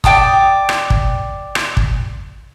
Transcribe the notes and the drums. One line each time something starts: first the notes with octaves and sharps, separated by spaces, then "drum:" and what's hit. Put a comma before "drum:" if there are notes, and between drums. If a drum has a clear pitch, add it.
D5 G5 A5 D#6, drum: kick
drum: rim click
drum: kick
drum: rim click
drum: kick